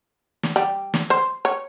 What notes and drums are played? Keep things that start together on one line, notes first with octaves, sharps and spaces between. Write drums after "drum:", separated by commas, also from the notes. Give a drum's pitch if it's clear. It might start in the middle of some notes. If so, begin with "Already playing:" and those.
drum: snare
G3
drum: snare
C5
C#5